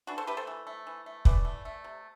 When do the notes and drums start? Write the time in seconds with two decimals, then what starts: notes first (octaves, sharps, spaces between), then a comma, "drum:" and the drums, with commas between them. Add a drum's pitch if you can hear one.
0.07 E3 D4 F#4
0.18 A4 C5
0.27 A3 G4 B4
0.37 A4 C5
0.47 E3
0.67 A3
0.87 E3
1.06 A3
1.25 E3 B4 D5, drum: kick
1.45 A3
1.65 A3
1.84 C3